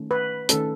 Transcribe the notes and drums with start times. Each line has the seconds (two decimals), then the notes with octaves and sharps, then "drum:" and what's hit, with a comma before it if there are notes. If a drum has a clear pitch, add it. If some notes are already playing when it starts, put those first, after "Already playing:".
Already playing: D#3 A3 C#4
0.11 B4
0.49 D#3 A3 C#4 A4, drum: hi-hat